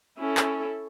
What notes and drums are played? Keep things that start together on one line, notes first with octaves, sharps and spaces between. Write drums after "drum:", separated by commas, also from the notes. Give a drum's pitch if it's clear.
C#4 E4 A4
drum: clap